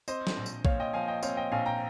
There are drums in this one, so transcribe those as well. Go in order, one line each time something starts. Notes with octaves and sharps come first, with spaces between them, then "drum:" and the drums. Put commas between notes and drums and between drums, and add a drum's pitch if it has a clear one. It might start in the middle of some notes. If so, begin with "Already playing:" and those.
C4 C5 D#5, drum: tambourine
drum: snare
A#1
drum: tambourine
A#2 C#5 F5, drum: kick A#1
D#5 G5
F3 F5 G#5
D#5 G5
C4 C#5 F5, drum: tambourine
D#5 G5
A#1 F5 G#5
G5 A#5